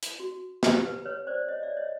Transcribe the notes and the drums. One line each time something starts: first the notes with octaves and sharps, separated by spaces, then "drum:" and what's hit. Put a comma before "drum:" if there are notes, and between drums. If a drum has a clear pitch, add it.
drum: hi-hat
F#4
G4, drum: snare
B4
B4 C#5
C5 D5
C#5 D#5
D5 E5
C#5 D#5